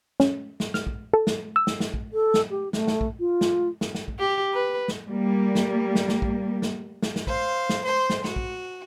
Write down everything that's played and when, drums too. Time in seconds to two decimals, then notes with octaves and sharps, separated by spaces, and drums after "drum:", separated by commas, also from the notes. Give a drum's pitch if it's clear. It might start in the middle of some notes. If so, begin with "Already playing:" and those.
0.20 C#4, drum: snare
0.60 drum: snare
0.74 F6, drum: snare
0.87 drum: kick
1.13 A4
1.27 drum: snare
1.56 E6
1.67 drum: snare
1.80 drum: snare
1.94 drum: kick
2.13 A4
2.34 drum: snare
2.50 G4
2.73 A3, drum: snare
2.87 drum: snare
3.01 drum: kick
3.20 F4
3.41 drum: snare
3.81 drum: snare
3.95 drum: snare
4.08 drum: kick
4.19 G4
4.54 B4
4.88 drum: snare
5.08 G3 A#3
5.55 drum: snare
5.95 drum: snare
6.09 drum: snare
6.22 drum: kick
6.62 drum: snare
7.02 drum: snare
7.16 drum: snare
7.27 C5 F5, drum: kick
7.69 drum: snare
7.85 C5 C6
8.10 drum: snare
8.24 F#4, drum: snare
8.36 drum: kick